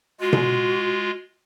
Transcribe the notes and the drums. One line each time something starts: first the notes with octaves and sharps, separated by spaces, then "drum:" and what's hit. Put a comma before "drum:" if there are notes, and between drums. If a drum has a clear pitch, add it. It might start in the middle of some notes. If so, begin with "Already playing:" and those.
G#3 F4 F#4
drum: tom B2